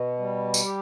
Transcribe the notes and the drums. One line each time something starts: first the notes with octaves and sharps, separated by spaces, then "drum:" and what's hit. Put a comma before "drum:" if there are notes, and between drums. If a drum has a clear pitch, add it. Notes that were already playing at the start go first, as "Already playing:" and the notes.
Already playing: B2
G3
drum: tambourine
G4